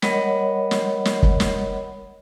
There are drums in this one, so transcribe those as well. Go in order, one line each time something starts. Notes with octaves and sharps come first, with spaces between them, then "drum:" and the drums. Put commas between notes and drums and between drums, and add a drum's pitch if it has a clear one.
G3 A#4 C#5 D#5 F#5 B5, drum: snare
drum: snare
drum: snare
drum: kick
drum: snare